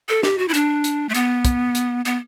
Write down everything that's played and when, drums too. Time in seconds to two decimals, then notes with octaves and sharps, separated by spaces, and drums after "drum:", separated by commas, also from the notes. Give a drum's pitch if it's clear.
0.09 A4
0.23 G4, drum: snare
0.38 F#4
0.48 E4
0.54 D4, drum: hi-hat
0.84 drum: hi-hat
1.09 A3
1.14 B3, drum: hi-hat
1.45 drum: kick, hi-hat
1.75 drum: hi-hat
2.05 B3, drum: hi-hat